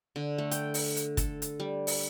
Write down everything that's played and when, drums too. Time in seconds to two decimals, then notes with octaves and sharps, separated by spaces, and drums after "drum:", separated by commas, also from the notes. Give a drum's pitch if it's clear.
0.16 D3
0.38 A3
0.51 G5, drum: hi-hat
0.74 drum: open hi-hat
0.97 drum: hi-hat
1.17 A4, drum: kick, hi-hat
1.42 drum: hi-hat
1.60 G3
1.87 drum: open hi-hat